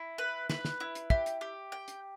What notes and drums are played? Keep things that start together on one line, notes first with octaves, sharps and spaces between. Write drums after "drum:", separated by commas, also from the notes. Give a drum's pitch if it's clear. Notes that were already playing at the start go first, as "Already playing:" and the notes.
Already playing: E4
B4
B4, drum: snare
drum: snare
E4
drum: hi-hat
G4 E5, drum: kick
drum: hi-hat
G4
G5
drum: hi-hat